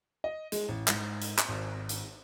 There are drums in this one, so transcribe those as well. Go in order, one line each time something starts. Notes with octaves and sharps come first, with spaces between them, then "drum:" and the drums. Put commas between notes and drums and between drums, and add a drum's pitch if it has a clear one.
D#5
G#3, drum: hi-hat
A1
G#2, drum: clap
drum: hi-hat
drum: clap
G#1
drum: hi-hat